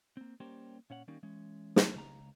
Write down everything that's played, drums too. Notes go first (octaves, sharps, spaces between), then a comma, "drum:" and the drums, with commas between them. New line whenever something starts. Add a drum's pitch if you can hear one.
A#3 C4
G3 A#3 C#4 G4 A#4 C5
A#2 C#4 C#5 F#5
D#3 G3 A#3 C#4 D#4
E3 G#3 C#4
drum: snare
C#2 A#5